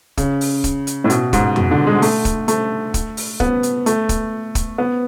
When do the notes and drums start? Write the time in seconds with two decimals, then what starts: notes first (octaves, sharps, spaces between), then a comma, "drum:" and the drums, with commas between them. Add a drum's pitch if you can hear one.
0.18 C#3, drum: kick, hi-hat
0.41 drum: open hi-hat
0.64 drum: kick, hi-hat
0.87 drum: hi-hat
1.04 A2
1.10 B2, drum: hi-hat
1.33 G#2, drum: kick, hi-hat
1.56 B2, drum: tom F2
1.71 D3
1.87 G#3
2.02 A3, drum: open hi-hat
2.25 drum: kick, hi-hat
2.48 A3, drum: hi-hat
2.94 drum: kick, hi-hat
3.17 drum: open hi-hat
3.40 B3, drum: kick
3.63 drum: hi-hat
3.86 A3, drum: hi-hat
4.09 drum: kick, hi-hat
4.55 drum: kick, hi-hat
4.78 B3